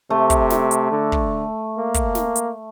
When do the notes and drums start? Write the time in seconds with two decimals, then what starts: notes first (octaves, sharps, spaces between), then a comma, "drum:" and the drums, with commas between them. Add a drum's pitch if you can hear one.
0.10 C3 A3
0.30 drum: kick, hi-hat
0.50 drum: snare
0.71 drum: hi-hat
0.91 D3
1.12 drum: kick
1.78 A#3
1.94 drum: kick, hi-hat
2.15 drum: snare
2.36 drum: hi-hat